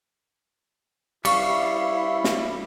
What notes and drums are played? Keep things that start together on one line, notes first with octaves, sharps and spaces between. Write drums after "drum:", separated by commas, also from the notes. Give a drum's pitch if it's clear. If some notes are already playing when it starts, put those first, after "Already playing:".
G3 E4 F5 C#6, drum: cymbal
drum: snare